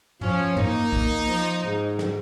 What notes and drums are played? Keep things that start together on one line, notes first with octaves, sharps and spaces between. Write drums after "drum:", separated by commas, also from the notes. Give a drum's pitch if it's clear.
F3 C#4, drum: tom
A#3 D#4, drum: tom
drum: kick B1
F3
G#2
drum: snare